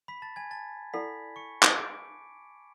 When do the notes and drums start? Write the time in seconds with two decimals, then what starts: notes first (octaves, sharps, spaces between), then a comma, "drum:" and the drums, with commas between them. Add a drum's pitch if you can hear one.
0.08 B5 B6
0.22 A5 A6
0.36 G#5 G#6
0.51 A5 A6
0.93 E4 A4 D5 F#5 B5 B6
1.36 C#6 C#7
1.63 drum: clap
1.79 D6 D7